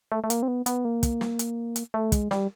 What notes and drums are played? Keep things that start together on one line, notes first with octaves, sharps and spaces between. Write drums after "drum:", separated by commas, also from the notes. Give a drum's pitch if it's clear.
A3
A3
A#3, drum: hi-hat
C4
B3
B3, drum: hi-hat
A#3
drum: kick, hi-hat
drum: snare
drum: hi-hat
drum: hi-hat
A3
G#3, drum: kick, hi-hat
G3, drum: snare